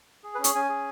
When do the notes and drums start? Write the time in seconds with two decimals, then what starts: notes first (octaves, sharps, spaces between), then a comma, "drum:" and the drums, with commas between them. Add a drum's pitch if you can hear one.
0.23 G#4
0.35 B4
0.39 C#4
0.44 C#5, drum: hi-hat
0.55 C#4 G#5
0.69 G#4